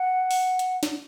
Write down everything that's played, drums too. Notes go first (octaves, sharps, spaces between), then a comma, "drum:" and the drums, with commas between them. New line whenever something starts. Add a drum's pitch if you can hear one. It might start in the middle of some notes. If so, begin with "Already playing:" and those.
Already playing: F#5
drum: open hi-hat
drum: hi-hat
drum: snare